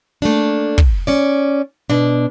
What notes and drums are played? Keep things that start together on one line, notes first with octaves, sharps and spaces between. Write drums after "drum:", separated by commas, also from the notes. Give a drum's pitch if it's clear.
A3 A#3 D4
drum: kick
C#4 D5
B2 D4